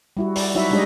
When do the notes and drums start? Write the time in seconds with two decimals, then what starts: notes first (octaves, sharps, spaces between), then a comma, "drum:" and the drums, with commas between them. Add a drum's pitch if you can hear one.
0.17 G3 E4 F#4
0.36 D5, drum: open hi-hat
0.55 F#3 D#4 E4 F#4 E5
0.71 G3 G#3 D4 G4 C#5 D#5